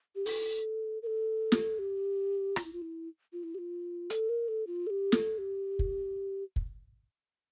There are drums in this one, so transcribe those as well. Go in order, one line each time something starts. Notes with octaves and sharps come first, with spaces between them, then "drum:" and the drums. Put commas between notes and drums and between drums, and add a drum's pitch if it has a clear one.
G4
A4, drum: open hi-hat
A#4
A4
drum: snare
G4
F4, drum: rim click
E4
F4
E4
F4
E4
G4
F4
A4, drum: hi-hat
A#4
A4
F4
A4
G4
A4, drum: snare
G4
drum: kick
drum: kick